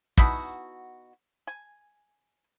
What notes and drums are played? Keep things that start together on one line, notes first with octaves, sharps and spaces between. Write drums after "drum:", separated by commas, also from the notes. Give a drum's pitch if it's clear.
B2 D#4 E4 F#4, drum: kick
G#5